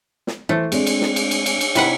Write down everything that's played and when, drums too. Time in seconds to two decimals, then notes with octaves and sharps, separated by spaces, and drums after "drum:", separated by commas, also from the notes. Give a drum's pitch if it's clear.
0.27 drum: snare
0.49 E3 A3 C5
0.72 G#3 C4 D4, drum: cymbal
0.87 drum: cymbal
1.01 drum: snare
1.16 drum: cymbal
1.31 drum: cymbal
1.46 drum: cymbal
1.61 drum: cymbal
1.75 C3 D#4 E4 B4 F#5, drum: cymbal